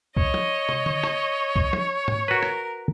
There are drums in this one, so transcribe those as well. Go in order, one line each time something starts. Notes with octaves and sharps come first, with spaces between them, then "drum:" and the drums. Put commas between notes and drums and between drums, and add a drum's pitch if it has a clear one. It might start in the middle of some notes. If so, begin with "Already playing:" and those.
C#5 D#5, drum: kick
drum: tom
drum: tom
drum: tom
drum: rim click
drum: kick
drum: tom
drum: tom G#2
F#4 A#4 B4
drum: rim click